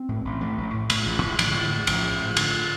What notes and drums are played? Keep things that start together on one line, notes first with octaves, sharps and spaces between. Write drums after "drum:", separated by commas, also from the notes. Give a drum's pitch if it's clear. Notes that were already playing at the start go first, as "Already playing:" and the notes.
Already playing: C4
A2
A1
A1 A3
A1
A2
A2, drum: cymbal
A1
A2
A1 F3, drum: cymbal
D3
A2
D3
A2
A1 F3, drum: cymbal
A2
A2
A2 D3, drum: cymbal